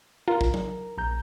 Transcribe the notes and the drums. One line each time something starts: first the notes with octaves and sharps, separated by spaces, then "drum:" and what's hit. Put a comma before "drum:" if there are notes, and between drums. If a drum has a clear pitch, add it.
F4 A#4 A#5
drum: kick
drum: tom F#3
A#1 A#5 G6